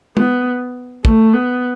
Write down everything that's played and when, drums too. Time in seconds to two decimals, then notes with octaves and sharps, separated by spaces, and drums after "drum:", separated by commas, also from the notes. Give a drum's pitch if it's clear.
0.17 B3, drum: tom
1.05 A3, drum: kick
1.33 B3